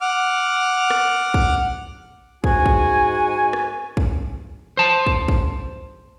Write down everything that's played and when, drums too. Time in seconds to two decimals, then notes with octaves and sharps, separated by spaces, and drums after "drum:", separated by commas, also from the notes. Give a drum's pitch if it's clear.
0.01 F#5 D6 F6
0.90 drum: rim click
1.34 drum: kick
2.44 G#2 F#4 G#5, drum: kick
2.66 drum: kick
3.53 drum: rim click
3.97 drum: kick
4.77 C5 A5
5.07 drum: kick
5.28 drum: kick